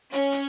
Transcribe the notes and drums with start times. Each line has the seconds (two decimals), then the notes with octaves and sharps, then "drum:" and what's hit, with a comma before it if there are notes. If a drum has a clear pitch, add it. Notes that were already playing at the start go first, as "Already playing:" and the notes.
0.13 C#4, drum: hi-hat
0.32 drum: hi-hat